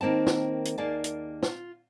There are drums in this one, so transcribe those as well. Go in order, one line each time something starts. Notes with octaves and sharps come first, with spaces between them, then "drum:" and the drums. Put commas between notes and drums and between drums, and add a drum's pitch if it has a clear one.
D#3 A#3 C4 A5
drum: snare
drum: hi-hat
D#2 A#3 G#4 D5 A5
drum: hi-hat
F4, drum: snare